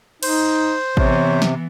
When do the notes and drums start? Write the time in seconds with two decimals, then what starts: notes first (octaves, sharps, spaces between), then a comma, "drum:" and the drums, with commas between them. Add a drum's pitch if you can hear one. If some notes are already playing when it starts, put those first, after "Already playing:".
0.23 D#4 C5, drum: cymbal
0.97 C3 E3 B3 C#5, drum: kick A1
1.42 drum: snare